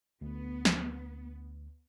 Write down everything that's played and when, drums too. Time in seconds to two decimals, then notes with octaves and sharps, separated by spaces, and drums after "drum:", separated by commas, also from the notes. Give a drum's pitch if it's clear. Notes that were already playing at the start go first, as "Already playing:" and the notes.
0.21 D2 B3
0.65 drum: snare